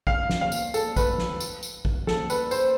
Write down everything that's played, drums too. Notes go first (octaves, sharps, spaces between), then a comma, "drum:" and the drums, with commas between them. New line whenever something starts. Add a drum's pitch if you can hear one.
F5, drum: kick
drum: snare
F5
drum: tambourine
A4, drum: tambourine
B4, drum: kick, tambourine
drum: snare
drum: tambourine
drum: tambourine
drum: kick
A4, drum: snare
B4, drum: tambourine
C5, drum: tambourine